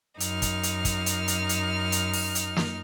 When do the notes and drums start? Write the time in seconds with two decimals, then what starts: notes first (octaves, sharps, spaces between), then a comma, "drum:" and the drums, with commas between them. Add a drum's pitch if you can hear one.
0.20 F#2 D#4 F6, drum: hi-hat
0.42 drum: kick, hi-hat
0.63 drum: hi-hat
0.85 drum: kick, hi-hat
1.06 drum: hi-hat
1.28 drum: hi-hat
1.49 drum: hi-hat
1.92 drum: hi-hat
2.14 drum: open hi-hat
2.35 drum: hi-hat
2.56 drum: snare